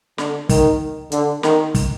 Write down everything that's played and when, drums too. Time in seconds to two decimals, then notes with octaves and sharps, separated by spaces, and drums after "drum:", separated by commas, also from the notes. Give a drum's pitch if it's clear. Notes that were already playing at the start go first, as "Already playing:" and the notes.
0.18 D3, drum: snare
0.49 D#3, drum: kick, open hi-hat
1.12 D3, drum: hi-hat
1.43 D#3, drum: snare
1.75 drum: kick, open hi-hat